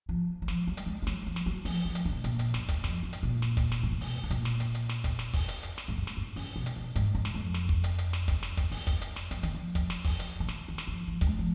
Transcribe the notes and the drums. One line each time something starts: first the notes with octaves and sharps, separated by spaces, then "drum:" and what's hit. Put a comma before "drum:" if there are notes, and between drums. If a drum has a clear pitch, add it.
F3
F#3
F3, drum: snare
F#3
drum: hi-hat
G#3
F3
F#3, drum: snare
F3
drum: snare
F#3
F3, drum: open hi-hat
F3
drum: hi-hat
C#3
B2
A#2, drum: hi-hat
drum: hi-hat
F#2, drum: snare
drum: kick, hi-hat
F2, drum: snare
F#2
drum: hi-hat
A#2
drum: snare
drum: kick, hi-hat
drum: snare
G#2
A#2
B2, drum: open hi-hat
B2
A#2, drum: hi-hat
drum: snare
drum: hi-hat
drum: hi-hat
drum: snare
drum: kick, hi-hat
drum: snare
drum: kick, open hi-hat
drum: hi-hat
drum: hi-hat
drum: snare
G#2
F#2
drum: snare
F#2
C#3, drum: open hi-hat
B2
drum: hi-hat
B2
G#2, drum: hi-hat
G#2
drum: snare
F2
drum: snare
drum: kick
drum: hi-hat
drum: hi-hat
drum: snare
drum: kick, hi-hat
drum: snare
drum: kick, hi-hat
F#2, drum: open hi-hat
drum: kick, hi-hat
drum: hi-hat
drum: snare
F3, drum: hi-hat
D#3, drum: hi-hat
F3
drum: kick, hi-hat
drum: snare
drum: kick, open hi-hat
drum: hi-hat
C#3
D#3, drum: snare
D#3
drum: snare
F3
F3
F#3, drum: kick, hi-hat
G#3
F3